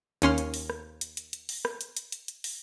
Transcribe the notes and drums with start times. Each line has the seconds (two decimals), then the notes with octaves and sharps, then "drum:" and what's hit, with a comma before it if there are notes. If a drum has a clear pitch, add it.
0.22 D#2 C#4 C6 F6, drum: hi-hat
0.38 drum: hi-hat
0.54 drum: open hi-hat
0.70 drum: rim click
1.01 drum: hi-hat
1.17 drum: hi-hat
1.33 drum: hi-hat
1.49 drum: open hi-hat
1.65 drum: rim click
1.81 drum: hi-hat
1.97 drum: hi-hat
2.12 drum: hi-hat
2.28 drum: hi-hat
2.44 drum: open hi-hat